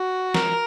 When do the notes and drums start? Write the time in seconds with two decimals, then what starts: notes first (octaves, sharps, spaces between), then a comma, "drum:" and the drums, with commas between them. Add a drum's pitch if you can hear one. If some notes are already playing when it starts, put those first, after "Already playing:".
Already playing: F#4
0.34 A#4, drum: snare